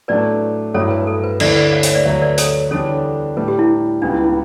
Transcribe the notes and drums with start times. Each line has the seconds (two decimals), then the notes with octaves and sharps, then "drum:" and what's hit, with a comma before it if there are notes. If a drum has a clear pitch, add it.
0.08 A2 F#3 A3 D4 B4 D5
0.74 G2 F#3 A3 E4 A4 C#5
0.91 B4
1.07 A4
1.24 B4
1.40 D2 D3 A3 E4 B4 D5, drum: cymbal
1.56 B4 D5
1.72 C#5 E5
1.83 C#5 E5, drum: hi-hat
1.95 B4 D5
2.05 D2 D3 F#3 C#5 E5
2.22 B4 D5
2.38 A4 C#5, drum: hi-hat
2.71 E2 D3 G3 D4 A4 C#5
3.37 A2 G3 D4 B4
3.48 G4
3.59 E4
4.02 C#2 C#3 G3 B3 D4
4.13 E4
4.24 E4